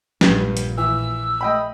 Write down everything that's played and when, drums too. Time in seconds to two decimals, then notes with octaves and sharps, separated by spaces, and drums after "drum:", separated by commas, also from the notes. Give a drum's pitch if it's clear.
0.21 A#1 G2 A#2, drum: snare
0.57 drum: hi-hat
0.78 E3 E6
1.41 A3 D#5 G5 B5